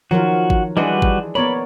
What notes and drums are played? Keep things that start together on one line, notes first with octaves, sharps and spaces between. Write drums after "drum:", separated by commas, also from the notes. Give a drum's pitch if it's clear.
D#3 F3 F#3 F4 F#4 A#4
drum: kick G#1
E3 G3 G#3 D4 F#4 B4
drum: kick G#1
A#3 B3 C#5 D5 B5